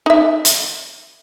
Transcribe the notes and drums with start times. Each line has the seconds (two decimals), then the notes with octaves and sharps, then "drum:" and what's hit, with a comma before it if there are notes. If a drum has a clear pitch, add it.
0.06 D#4 E5
0.45 drum: hi-hat